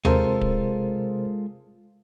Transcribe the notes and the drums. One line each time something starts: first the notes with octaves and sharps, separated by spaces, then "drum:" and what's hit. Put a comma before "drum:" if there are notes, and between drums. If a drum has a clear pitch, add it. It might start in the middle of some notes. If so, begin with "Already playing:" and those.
C3 G#3 F4 A4 A#4 C5, drum: tom D#2
drum: kick D1